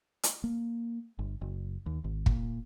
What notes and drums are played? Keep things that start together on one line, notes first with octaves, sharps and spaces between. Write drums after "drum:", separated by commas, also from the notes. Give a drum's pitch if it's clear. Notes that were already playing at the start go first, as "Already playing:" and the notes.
drum: hi-hat
A#3
G1
F#1
D#2
G#1
A#2, drum: kick